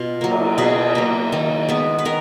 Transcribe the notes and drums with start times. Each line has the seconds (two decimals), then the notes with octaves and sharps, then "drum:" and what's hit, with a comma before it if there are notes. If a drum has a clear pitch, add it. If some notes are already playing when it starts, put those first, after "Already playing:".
Already playing: B2 F4
0.21 F#3 A#3
0.31 drum: cymbal
0.58 B2 G#4 B4
0.95 F#3 A#3
1.32 D#3
1.69 G#3 B3
1.99 B4
2.05 D#3 A#4